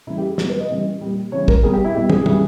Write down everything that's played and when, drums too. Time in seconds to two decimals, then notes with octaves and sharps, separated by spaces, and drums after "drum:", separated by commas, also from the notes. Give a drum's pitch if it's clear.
0.07 C#3 E3 G3 E4
0.18 G4
0.28 G#4
0.38 B2 G3, drum: snare
0.50 B4
0.60 D#5
0.70 C#3 E3 G3
1.01 A#2 G3
1.32 C#3 E3 G3 C#5
1.48 A#4, drum: kick
1.63 B2 G3 G#4
1.73 G4
1.84 E4
1.95 B2 G3 G4
2.10 G#4, drum: tom
2.26 C#3 E3 G3 G#4, drum: tom